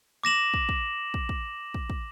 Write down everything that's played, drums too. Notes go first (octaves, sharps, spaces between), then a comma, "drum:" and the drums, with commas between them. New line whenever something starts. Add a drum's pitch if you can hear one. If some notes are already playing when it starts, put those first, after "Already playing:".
D6 A#6 E7 F#7
drum: kick
drum: kick
drum: kick
drum: kick
drum: kick
drum: kick